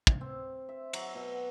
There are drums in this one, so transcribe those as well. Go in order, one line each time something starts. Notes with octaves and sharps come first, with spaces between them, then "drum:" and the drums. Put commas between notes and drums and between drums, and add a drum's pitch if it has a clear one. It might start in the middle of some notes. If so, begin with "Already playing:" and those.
drum: kick
C4
E5
F#3, drum: cymbal
B2